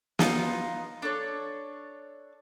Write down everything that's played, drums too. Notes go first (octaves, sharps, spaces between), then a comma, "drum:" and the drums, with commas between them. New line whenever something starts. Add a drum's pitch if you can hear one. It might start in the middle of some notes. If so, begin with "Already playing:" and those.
B3 D#4 F4, drum: snare
D4 A4 C#5